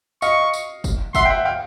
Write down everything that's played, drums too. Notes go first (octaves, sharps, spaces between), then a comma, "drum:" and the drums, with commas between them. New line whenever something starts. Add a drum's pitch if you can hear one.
D#5 F5 C#6, drum: tambourine
drum: tambourine
drum: kick F#1, tambourine
E5 F#5 C6, drum: kick F#1, tambourine
G5
E5 F#5
F5 G5